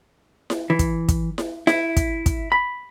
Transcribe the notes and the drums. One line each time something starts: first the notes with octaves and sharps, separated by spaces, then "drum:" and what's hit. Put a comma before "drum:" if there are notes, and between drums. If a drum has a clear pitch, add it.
drum: snare E4
E3
drum: kick, hi-hat
drum: kick, hi-hat
drum: snare E4
E4, drum: snare E4
drum: kick, hi-hat
drum: kick, hi-hat
B5